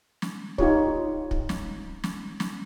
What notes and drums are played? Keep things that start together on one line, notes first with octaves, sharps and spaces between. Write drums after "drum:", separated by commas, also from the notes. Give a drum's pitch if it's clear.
drum: snare
D#4 F4 G4 C#5, drum: kick
drum: kick
drum: snare
drum: snare
drum: snare